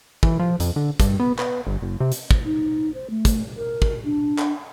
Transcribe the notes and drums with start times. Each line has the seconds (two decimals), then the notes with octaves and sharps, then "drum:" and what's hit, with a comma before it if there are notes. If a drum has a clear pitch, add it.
0.23 E3, drum: kick
0.40 F3
0.60 F2, drum: hi-hat
0.76 D3
1.00 G2, drum: kick, hi-hat
1.20 B3
1.39 B3, drum: clap
1.67 G1
1.82 F#1
2.00 C3
2.12 drum: hi-hat
2.31 drum: kick
2.45 D#4
2.94 C5
3.10 A3
3.25 drum: kick, hi-hat
3.57 A#4
3.82 drum: kick
4.05 D4
4.38 drum: clap